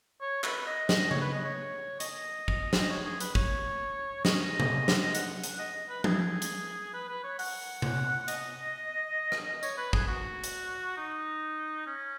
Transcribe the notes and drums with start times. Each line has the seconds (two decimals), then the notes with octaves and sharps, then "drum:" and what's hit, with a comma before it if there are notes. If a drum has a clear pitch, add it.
0.22 C#5
0.44 B4, drum: clap
0.67 D#5
0.89 D#5, drum: snare
1.11 C#5, drum: tom C#3
1.22 B4
1.33 D#5
1.45 C#5
2.00 D#5, drum: hi-hat
2.48 drum: kick
2.73 drum: snare
2.90 C#5
3.06 G#4
3.20 B4, drum: hi-hat
3.35 C#5, drum: kick
4.25 D#5, drum: snare
4.60 drum: tom C3
4.88 drum: snare
5.15 F#5, drum: hi-hat
5.44 drum: hi-hat
5.59 D#5
5.89 B4
6.04 G#4, drum: tom F3
6.42 drum: hi-hat
6.94 B4
7.09 B4
7.24 C#5
7.39 F#5, drum: open hi-hat
7.82 drum: tom C3
8.28 D#5, drum: hi-hat
9.32 drum: rim click
9.63 C#5, drum: tambourine
9.77 B4
9.93 G#4, drum: kick
10.08 F#4
10.44 drum: hi-hat
10.97 D#4
11.87 C#4